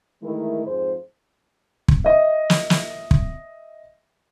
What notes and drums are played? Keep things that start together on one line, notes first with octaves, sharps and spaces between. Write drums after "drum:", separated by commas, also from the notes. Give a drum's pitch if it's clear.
D#3 E3 G#3 A3 E4 A#4
F2 G#2 G#4 C5
drum: kick
D#5 E5
drum: snare
drum: snare
drum: kick